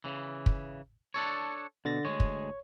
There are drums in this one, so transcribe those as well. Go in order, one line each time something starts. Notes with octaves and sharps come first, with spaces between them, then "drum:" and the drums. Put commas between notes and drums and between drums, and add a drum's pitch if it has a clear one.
C#3 E3
drum: kick
D4 A4 C#5
B2 D3 A6 A#6
D2 G#2 G#3 C#5
drum: kick